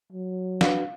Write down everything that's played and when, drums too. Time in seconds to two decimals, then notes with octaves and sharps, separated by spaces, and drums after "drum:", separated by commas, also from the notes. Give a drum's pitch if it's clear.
0.12 F#3
0.61 D4 F#4 B4 F5, drum: snare